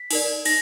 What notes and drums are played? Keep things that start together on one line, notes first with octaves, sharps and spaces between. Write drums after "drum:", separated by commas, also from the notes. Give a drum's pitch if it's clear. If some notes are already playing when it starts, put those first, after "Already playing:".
Already playing: B6
D#4 A#4 D5, drum: open hi-hat
D#4 A#6, drum: open hi-hat